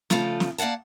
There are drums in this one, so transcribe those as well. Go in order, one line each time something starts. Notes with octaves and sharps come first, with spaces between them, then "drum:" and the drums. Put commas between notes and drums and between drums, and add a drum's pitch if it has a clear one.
C#3 F3 A3 F4 A4, drum: snare
drum: snare
A#3 D5 F5 F#5 A5